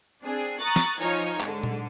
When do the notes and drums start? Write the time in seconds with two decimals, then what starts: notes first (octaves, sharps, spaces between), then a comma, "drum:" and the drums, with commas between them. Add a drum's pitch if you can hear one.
0.22 C4 D4 G#4
0.60 A#5 C#6 D#6 F#6 A6
0.76 drum: snare
0.99 F3 D#4 C#5 G#5 G#6
1.41 G#2 D3, drum: clap
1.63 drum: tom A#2